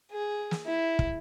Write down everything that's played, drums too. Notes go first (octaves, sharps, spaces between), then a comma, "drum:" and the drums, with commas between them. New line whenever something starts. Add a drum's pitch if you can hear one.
G#4
drum: snare
E4
drum: kick